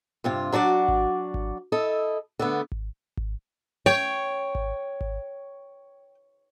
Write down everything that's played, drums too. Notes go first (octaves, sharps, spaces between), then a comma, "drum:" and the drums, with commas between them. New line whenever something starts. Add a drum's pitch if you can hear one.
G2 C3 F4
F#3 D4 F#4 D5 F#5
drum: kick G#1
drum: kick G#1
E4 A4 D#5
D3 A3 B3
drum: kick G#1
drum: kick G#1
C#5 G5
drum: kick G#1
drum: kick G#1